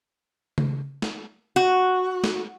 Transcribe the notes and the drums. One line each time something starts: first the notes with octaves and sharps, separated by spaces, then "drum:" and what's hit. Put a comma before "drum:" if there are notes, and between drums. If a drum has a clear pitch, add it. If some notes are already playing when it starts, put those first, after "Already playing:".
drum: tom C#3
drum: snare
F#4
drum: snare